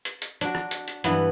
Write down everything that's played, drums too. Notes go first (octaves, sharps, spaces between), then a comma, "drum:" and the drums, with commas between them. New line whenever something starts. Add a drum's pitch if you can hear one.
drum: hi-hat
drum: hi-hat
D4 F#4, drum: hi-hat
drum: rim click
drum: hi-hat
drum: hi-hat
G2 E3 B3, drum: hi-hat